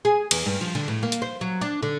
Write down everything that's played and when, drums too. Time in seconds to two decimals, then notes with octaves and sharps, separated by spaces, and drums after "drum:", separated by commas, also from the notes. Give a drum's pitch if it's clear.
0.05 G#4
0.31 E2, drum: cymbal
0.46 G2
0.61 F3
0.75 D3
0.88 A2
1.03 A#3
1.12 drum: hi-hat
1.22 C5
1.41 F#3
1.61 D4
1.83 D3